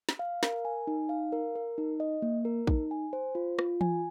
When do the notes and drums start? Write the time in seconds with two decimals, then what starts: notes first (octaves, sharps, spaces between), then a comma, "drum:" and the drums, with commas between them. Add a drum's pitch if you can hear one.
0.09 drum: snare
0.19 F5
0.43 A#4, drum: snare
0.65 G#5
0.87 D#4
1.09 F5
1.32 A#4
1.55 A#4
1.78 D#4
2.00 D#5
2.22 A#3
2.45 A#4
2.67 D#4, drum: kick
2.91 G#5
3.13 C5
3.35 F4
3.59 F4, drum: rim click
3.81 G#5, drum: tom E3